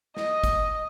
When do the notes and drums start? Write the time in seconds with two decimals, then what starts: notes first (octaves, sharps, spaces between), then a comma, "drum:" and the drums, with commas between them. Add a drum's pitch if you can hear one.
0.17 D#5, drum: snare
0.44 drum: kick, hi-hat